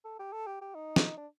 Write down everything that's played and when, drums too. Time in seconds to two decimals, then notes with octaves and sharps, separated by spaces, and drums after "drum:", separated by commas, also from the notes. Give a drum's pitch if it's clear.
0.05 A4
0.19 G4
0.33 A4
0.47 G4
0.61 G4
0.75 D#4
0.96 drum: snare
1.17 D4